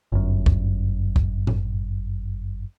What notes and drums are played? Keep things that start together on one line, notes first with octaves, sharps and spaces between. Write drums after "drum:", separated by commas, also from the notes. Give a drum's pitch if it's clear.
G1 F#2
drum: kick
drum: kick
drum: tom A2